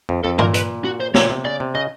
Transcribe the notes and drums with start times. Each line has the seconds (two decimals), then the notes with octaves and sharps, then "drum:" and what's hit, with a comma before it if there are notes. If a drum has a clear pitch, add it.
0.09 F2
0.24 F2 A4
0.39 A#2 A#4, drum: tom G2
0.54 B4, drum: hi-hat
0.84 F#4
1.00 C5
1.14 A#2 C#5, drum: snare
1.30 C3
1.45 C#3 D5
1.60 C3
1.75 C#3 D#5